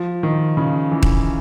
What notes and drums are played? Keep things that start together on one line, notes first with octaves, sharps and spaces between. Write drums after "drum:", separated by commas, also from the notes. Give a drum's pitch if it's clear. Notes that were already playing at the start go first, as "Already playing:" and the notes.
Already playing: F3
D#3
C#3
E3
drum: kick D#1